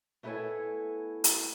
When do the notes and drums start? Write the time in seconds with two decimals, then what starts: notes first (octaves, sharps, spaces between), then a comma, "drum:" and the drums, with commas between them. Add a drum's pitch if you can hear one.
0.23 A3 B3 E4 A4 C#5 G#5
1.24 drum: hi-hat